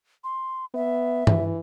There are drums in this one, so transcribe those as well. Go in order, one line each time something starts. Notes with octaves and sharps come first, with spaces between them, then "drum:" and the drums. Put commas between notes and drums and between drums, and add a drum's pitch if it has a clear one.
C6
B3 E5
E3, drum: tom G2